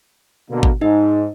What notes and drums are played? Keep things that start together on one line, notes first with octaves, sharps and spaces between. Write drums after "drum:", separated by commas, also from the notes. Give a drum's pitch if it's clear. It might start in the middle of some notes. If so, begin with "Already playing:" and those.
B2 D3 A#3
drum: kick G#1
G#2 D#4 D#5